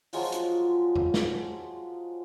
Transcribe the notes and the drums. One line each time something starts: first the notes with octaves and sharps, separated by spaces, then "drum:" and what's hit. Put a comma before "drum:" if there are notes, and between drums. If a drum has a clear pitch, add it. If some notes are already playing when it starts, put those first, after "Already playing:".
F3 F#3 G#3 F4, drum: open hi-hat
drum: hi-hat
drum: tom E2
drum: snare